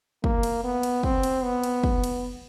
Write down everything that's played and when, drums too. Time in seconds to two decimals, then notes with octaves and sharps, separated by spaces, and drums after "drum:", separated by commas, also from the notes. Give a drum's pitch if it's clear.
0.24 A#3, drum: kick
0.43 drum: cymbal
0.64 B3
0.83 drum: cymbal
1.03 C4, drum: kick
1.23 drum: cymbal
1.44 B3
1.64 drum: cymbal
1.84 drum: kick
2.04 drum: cymbal